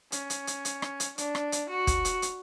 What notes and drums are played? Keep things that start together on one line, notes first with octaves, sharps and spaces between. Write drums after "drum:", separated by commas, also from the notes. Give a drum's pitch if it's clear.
C#4, drum: hi-hat
drum: hi-hat
drum: hi-hat
drum: hi-hat
drum: rim click
drum: hi-hat
D4, drum: hi-hat
drum: rim click
drum: hi-hat
F#4
drum: kick, hi-hat
drum: hi-hat
drum: hi-hat